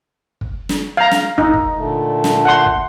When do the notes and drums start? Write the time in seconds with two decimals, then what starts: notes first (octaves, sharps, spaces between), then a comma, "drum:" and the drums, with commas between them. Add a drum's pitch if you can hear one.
0.41 drum: kick
0.69 drum: snare
0.97 F5 A#5
1.11 drum: snare
1.38 D#4, drum: kick
1.54 drum: kick
1.77 A#2 D3 A3
2.24 drum: snare
2.45 F#5 C6
2.66 drum: kick